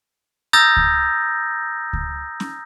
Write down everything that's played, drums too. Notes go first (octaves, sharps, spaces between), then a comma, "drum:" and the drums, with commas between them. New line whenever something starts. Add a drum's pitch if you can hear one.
A#5 D#6 E6 G6 A6 A#6
drum: kick C#2
drum: kick C#2
drum: snare C#4